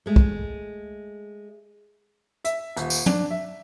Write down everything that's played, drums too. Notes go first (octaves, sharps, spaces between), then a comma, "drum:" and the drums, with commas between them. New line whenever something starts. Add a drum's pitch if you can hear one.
G#3 A3
drum: kick
E5, drum: hi-hat
D#1, drum: hi-hat
drum: tambourine
D4, drum: tom
E5